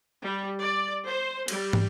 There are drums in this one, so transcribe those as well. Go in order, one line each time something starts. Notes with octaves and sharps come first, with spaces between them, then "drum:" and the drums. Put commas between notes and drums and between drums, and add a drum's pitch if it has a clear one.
G3
D5
C5
G3, drum: cymbal
drum: tom